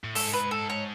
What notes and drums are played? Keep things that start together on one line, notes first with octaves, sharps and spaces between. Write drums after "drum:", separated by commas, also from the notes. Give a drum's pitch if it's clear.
A2
G#2 A4, drum: open hi-hat
B4
A4
C#5